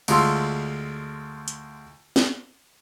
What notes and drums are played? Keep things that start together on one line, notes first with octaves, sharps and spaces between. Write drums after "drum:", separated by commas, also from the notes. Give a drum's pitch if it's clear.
D2 G#3 F4 C6 E6, drum: cymbal
drum: hi-hat
drum: snare